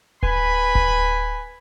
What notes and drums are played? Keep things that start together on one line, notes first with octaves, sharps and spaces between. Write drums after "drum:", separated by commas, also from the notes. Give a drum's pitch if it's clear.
B4 G#5 B5, drum: kick D1
drum: kick D1